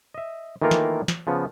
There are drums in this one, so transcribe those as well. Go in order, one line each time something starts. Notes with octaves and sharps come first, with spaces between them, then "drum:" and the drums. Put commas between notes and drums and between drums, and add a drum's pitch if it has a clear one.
D#5 E5
D#3 E3 A3 A#3 F4 A#4
drum: snare
drum: snare
C#3 F3 B3